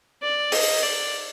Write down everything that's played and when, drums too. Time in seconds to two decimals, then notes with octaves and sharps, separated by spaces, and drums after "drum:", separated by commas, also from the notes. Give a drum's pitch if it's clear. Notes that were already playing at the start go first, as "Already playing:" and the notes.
0.22 D5
0.52 D#5, drum: open hi-hat
0.82 D5